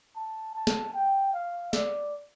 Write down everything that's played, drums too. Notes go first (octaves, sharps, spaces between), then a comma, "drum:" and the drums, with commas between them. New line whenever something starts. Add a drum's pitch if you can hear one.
A5
A5
drum: snare
G5
F5
D5, drum: snare